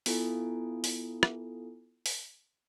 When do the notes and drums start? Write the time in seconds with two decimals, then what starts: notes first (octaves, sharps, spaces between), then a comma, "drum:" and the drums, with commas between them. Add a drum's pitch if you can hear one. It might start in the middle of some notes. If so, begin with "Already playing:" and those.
0.06 B3 E4 F4 A4 G#5, drum: open hi-hat
0.84 drum: open hi-hat
1.23 drum: rim click
2.06 drum: open hi-hat